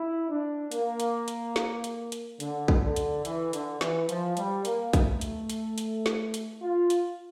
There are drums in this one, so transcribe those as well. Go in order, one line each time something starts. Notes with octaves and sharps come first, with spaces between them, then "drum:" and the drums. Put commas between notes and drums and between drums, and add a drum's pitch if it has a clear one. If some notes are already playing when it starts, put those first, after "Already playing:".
Already playing: E4
D4
A#3, drum: hi-hat
drum: hi-hat
drum: hi-hat
drum: snare
drum: hi-hat
drum: hi-hat
D3, drum: hi-hat
drum: kick
D3
drum: hi-hat
E3, drum: hi-hat
D3, drum: hi-hat
E3, drum: snare
F3, drum: hi-hat
G3, drum: hi-hat
A#3, drum: hi-hat
A3, drum: kick, hi-hat
drum: hi-hat
drum: hi-hat
drum: hi-hat
drum: snare
drum: hi-hat
F4
drum: hi-hat